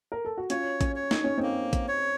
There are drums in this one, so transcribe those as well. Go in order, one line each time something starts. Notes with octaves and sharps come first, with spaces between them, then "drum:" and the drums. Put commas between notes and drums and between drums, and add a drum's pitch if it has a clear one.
A#4
A4
F#4
C#4 F4 C#5, drum: hi-hat
C#4, drum: kick A1, hi-hat
C#5
D#4, drum: snare
C#4
A#3 C4 D#4
drum: kick A1, hi-hat
C#5